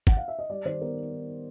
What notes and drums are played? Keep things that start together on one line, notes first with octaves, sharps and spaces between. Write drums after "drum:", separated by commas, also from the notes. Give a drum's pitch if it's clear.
F#5, drum: kick
F5
E5
D#5
G3 D5
D#3 C5
B3 A#4